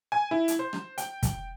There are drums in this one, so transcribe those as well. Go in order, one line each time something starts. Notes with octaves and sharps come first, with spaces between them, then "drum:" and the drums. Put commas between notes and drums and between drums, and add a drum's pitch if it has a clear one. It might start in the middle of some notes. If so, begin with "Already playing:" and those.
G#5
E4
drum: hi-hat
C5
drum: rim click
G5, drum: hi-hat
drum: kick, hi-hat